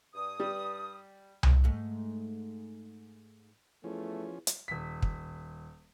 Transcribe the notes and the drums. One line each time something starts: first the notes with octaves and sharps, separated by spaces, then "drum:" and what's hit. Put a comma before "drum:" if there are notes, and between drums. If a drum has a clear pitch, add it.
G2 D#6
G3
drum: tom C2
G#2 A3
E2 F3 A3 C#4
drum: hi-hat
D#1 B6
drum: kick